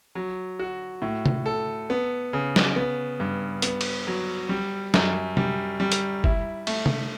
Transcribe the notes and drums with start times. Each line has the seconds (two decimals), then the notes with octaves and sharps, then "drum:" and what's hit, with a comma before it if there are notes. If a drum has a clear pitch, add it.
0.15 F#3
0.59 F#4
1.02 A2
1.26 drum: tom C3
1.46 A4
1.90 B3
2.33 C#3
2.56 drum: snare
2.76 B3
3.20 G2
3.62 B3, drum: hi-hat
3.81 drum: cymbal
4.07 F#3
4.49 G3
4.94 F#2, drum: snare
5.37 G3, drum: tom C3
5.80 G3
5.92 drum: hi-hat
6.24 E4, drum: kick
6.67 A3, drum: cymbal
6.86 drum: tom C3